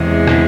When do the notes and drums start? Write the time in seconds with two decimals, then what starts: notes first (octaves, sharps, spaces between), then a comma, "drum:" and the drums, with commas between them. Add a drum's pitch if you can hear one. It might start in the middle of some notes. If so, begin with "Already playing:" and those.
Already playing: E2 C3 G#3
0.27 drum: rim click